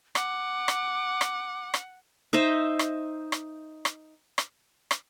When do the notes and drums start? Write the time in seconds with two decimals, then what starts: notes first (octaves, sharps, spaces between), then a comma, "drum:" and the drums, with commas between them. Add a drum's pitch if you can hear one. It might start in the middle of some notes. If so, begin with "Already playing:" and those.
0.15 F#5 D6, drum: rim click
0.68 drum: rim click
1.21 drum: rim click
1.74 drum: rim click
2.33 D#4 C5 D#5 E5
2.79 drum: rim click
3.32 drum: rim click
3.85 drum: rim click
4.38 drum: rim click
4.91 drum: rim click